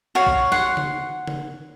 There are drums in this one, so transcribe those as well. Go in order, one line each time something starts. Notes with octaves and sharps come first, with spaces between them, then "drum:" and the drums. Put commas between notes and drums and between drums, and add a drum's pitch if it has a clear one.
F#4 C#5 F5
drum: kick A#1
F#5 C6, drum: snare
drum: tom C#3
drum: tom C#3